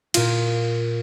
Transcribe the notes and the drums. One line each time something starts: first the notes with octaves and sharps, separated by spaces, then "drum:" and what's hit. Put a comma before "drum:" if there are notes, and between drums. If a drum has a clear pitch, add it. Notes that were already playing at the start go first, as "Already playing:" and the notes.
A#2 F4, drum: cymbal